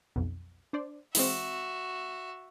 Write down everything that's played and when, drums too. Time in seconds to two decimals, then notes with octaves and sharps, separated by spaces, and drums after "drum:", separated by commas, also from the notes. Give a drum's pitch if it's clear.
0.16 B1 F2
0.73 D4 C5 D5
1.15 E3 G#3 C4 F#4 E5, drum: open hi-hat